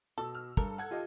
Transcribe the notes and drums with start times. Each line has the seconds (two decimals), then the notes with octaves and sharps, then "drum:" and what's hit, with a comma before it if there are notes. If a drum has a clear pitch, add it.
0.18 B2 A4 E6
0.35 F6
0.57 G2 A4 A#4, drum: kick
0.78 F#5 G#6
0.91 F4 G4 D#5